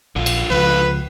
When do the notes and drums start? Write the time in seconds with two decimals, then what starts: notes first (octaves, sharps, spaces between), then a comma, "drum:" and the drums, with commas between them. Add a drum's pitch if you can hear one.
0.16 A#1 D3 F4
0.26 drum: cymbal
0.50 C#2 F3 B4